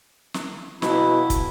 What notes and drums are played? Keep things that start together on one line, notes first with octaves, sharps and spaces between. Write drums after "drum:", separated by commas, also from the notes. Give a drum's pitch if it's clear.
drum: snare
B2 E4, drum: snare
drum: kick, hi-hat